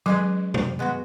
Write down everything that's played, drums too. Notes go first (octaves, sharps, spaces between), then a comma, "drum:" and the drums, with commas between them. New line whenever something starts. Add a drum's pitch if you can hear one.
F#3 G#3 C#4 G#4 B4
drum: tom C3
G#3 B3 F#4